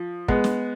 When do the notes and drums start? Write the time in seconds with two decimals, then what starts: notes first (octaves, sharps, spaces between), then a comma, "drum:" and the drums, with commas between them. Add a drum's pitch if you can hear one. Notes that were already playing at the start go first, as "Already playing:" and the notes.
Already playing: F3
0.28 G#3 B3, drum: kick
0.44 drum: snare